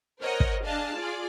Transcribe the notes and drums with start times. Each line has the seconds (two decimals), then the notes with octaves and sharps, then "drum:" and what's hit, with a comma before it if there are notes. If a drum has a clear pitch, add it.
0.20 A#4 C5 C#5 D#5 F#5
0.40 drum: kick
0.65 D4 G#4 D#5 F5 A5
0.96 F4 G#4 D5